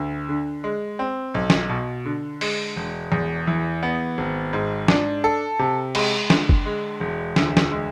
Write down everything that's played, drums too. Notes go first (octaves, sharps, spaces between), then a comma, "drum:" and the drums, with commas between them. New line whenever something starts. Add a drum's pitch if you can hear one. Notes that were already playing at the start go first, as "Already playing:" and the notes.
Already playing: D2
D3
G#3
C4
B1
drum: snare
B2
D3
G#3, drum: open hi-hat
E1
E2
E3
B3
G#1
G#2
D4, drum: snare
A4
C3
G#3, drum: cymbal
D3, drum: snare
drum: kick
G#3
E1
D2, drum: snare
drum: snare
G#3